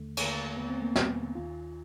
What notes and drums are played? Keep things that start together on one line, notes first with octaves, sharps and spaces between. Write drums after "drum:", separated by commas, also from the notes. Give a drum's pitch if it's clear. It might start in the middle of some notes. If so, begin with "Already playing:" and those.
Already playing: D#2 D3 A3
D#2 D3 A#3, drum: cymbal
D#2 D3 B3
C4
A#3
D#2 D3 B3, drum: snare
C4
D#2 D#3 F4